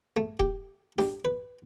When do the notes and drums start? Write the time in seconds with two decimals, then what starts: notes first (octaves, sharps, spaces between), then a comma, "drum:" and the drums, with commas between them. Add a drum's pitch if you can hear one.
0.17 A3
0.40 G4, drum: kick D#1
0.98 G4, drum: snare D4
1.25 B4